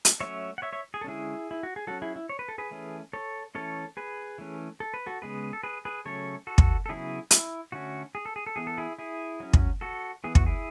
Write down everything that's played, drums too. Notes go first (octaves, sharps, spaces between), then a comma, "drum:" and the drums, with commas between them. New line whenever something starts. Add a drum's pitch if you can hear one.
drum: hi-hat
F#3 A3 C#4 C#5 E5
F#5
C#5 E5
C#5 E5
G#4
A4
D3 G#3 C#4 E4 G#4
E4
F#4
G#4
F#3 C#4 F#4 A4
E4 G#4
E4
C#5
B4
A4
G#4 B4
E3 A3 C#4
A4 C#5
E3 A3 C#4 A4 C#5
G#4 B4
E3 A3 C#4
A4
B4
F#4 A4
C#3 G#3 B3 G#4 B4
A4
G#4 B4
G#4 B4
C#3 F#3 A3 C#4 A4 C#5
F#4 A4
drum: kick
A4
C#3 F#3 B3 E4 G#4
E4, drum: hi-hat
D3 A3 C#4 F#4
G#4
A4
G#4
A4
E3 B3 G#4
A4
E4 G#4
E4 G#4
F#3 C#4
drum: kick
F#4 A4
E3 B3 G#4
F#4, drum: kick
E4 G#4